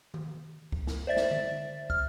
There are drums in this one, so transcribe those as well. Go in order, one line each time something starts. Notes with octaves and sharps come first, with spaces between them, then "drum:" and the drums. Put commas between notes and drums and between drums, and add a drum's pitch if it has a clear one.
drum: tom D#3
drum: kick
drum: snare
C5 D5 E5 A6
drum: snare
drum: tom D3
F6, drum: kick